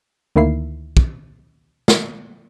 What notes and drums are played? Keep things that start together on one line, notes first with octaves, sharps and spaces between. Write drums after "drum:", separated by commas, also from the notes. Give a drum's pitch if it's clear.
D2 D#3 A#3 E4 C7
drum: kick
drum: snare